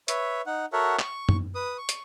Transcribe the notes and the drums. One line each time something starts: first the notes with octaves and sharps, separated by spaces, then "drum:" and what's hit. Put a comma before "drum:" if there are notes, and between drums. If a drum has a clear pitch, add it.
B4 C#5 E5, drum: hi-hat
D#4 F#5
F#4 A4 A#4 C#5 E5 F#5
C#6, drum: clap
drum: tom F#2
B4 D#6
C#6
drum: hi-hat